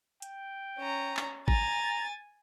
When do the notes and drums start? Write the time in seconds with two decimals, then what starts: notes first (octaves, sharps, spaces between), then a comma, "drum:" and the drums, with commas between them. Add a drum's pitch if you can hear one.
0.22 G5, drum: hi-hat
0.78 C#4 A#5
1.17 drum: clap
1.48 G#5 A#5 A6, drum: kick